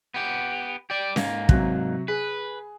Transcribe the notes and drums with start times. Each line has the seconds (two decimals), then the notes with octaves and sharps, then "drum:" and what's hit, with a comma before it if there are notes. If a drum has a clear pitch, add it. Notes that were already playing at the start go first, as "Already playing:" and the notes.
0.14 B3 G4
0.90 G4 D5
1.16 G#2 A#3, drum: snare C#4
1.49 C3 F#3 F#6, drum: kick
2.08 G#4 B4